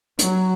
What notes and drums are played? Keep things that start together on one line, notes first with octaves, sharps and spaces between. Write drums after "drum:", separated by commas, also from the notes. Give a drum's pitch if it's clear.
F#3, drum: hi-hat